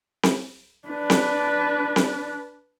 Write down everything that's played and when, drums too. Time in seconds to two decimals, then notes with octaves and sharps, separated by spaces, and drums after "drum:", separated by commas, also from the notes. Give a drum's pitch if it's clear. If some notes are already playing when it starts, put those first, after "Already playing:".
0.23 drum: snare C4
0.88 D4 B4
1.10 drum: snare C4
1.96 drum: snare C4